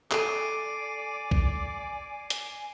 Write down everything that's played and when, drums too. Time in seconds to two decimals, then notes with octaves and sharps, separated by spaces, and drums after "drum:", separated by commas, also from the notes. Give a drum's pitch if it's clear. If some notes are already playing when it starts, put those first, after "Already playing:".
0.11 A4 D5 G#5 D6 C7 D7 D#7, drum: clap
1.31 drum: kick B1
2.30 drum: hi-hat